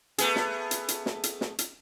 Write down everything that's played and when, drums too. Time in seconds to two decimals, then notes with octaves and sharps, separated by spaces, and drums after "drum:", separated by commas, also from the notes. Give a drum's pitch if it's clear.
0.18 A3 B3 G#4, drum: hi-hat
0.36 drum: snare
0.71 drum: hi-hat
0.88 drum: hi-hat
1.06 drum: snare
1.23 drum: hi-hat
1.41 drum: snare
1.59 drum: hi-hat